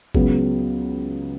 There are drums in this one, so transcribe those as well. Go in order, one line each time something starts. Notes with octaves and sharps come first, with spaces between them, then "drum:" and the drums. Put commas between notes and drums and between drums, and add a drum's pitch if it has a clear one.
C#2 C#3 F#3 B3, drum: kick G1